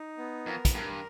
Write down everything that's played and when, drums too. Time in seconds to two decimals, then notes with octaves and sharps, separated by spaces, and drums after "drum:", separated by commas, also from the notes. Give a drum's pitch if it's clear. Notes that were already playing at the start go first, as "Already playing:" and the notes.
Already playing: D#4
0.18 B3
0.46 F2 A#4
0.65 drum: kick, hi-hat
0.74 G2 A#4